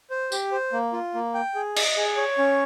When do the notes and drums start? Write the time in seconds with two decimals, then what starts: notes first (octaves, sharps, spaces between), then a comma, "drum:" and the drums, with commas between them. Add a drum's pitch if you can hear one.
0.10 C5
0.32 G4, drum: tambourine
0.52 C5
0.73 A#3
0.93 F4
1.14 A#3
1.34 G5
1.55 G#4
1.76 D#5, drum: cymbal
1.97 G#4
2.17 C#5
2.38 C#4